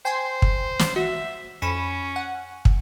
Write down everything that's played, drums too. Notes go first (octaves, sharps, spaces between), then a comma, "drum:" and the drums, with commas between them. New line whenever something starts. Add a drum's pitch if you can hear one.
C5 G5 G#5 C6
drum: kick
drum: snare
F#4 E5
F2 C#4 B5 E7
F#5
drum: kick